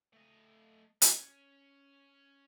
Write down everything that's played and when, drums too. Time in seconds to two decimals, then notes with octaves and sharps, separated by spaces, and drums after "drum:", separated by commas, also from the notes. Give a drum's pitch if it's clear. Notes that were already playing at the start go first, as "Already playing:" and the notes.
0.13 A3 D#5
1.02 C#4, drum: hi-hat